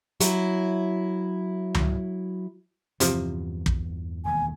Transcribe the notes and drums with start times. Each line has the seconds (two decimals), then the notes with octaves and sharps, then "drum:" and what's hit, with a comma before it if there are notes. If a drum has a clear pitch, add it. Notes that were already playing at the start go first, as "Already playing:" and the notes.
0.20 F#3 E4, drum: hi-hat
1.74 drum: tom C#2
3.00 E2 G2 C3 E3 F3, drum: hi-hat
3.66 drum: kick
4.25 E1 D#2 G#5